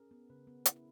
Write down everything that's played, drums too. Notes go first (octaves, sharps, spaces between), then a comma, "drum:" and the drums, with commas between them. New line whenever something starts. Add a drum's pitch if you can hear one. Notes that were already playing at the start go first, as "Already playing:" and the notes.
Already playing: C#4 G#4 A#4
B3
C#3 B4
B3
E4, drum: hi-hat